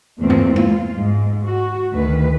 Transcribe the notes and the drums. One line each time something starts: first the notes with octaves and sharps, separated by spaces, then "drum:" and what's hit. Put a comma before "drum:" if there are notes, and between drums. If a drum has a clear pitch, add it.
E2 A#2 A3 C4
drum: tom G2
F4, drum: tom G#3
G#2
F#4
D2 D#3 B4